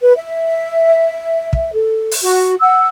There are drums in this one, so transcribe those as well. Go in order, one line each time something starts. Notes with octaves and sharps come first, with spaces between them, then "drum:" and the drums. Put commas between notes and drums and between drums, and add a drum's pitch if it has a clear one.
B4
E5
drum: kick
A4
drum: open hi-hat
F#4
F#5 E6